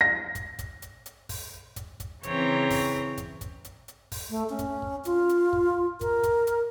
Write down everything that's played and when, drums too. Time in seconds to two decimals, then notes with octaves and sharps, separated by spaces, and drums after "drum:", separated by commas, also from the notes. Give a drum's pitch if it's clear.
0.01 A#6
0.35 drum: kick, hi-hat
0.59 drum: kick, hi-hat
0.82 drum: hi-hat
1.06 drum: hi-hat
1.29 drum: kick, open hi-hat
1.76 drum: kick, hi-hat
2.00 drum: kick, hi-hat
2.23 C#3 E3 C4 C#5 G5 A#5, drum: hi-hat
2.70 drum: kick, open hi-hat
3.17 drum: kick, hi-hat
3.41 drum: kick, hi-hat
3.65 drum: hi-hat
3.88 drum: hi-hat
4.12 drum: kick, open hi-hat
4.30 A3
4.50 C#4
4.59 drum: kick, hi-hat
4.82 drum: kick
5.05 F4, drum: hi-hat
5.29 drum: hi-hat
5.53 drum: kick
6.01 A#4, drum: kick, hi-hat
6.23 drum: kick, hi-hat
6.47 drum: hi-hat